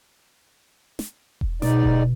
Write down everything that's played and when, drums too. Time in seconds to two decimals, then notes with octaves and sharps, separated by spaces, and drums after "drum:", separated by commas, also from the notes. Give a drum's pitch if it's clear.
0.99 drum: snare
1.41 drum: kick E1
1.62 G#2 B2 D#4 D5, drum: snare
1.83 drum: kick E1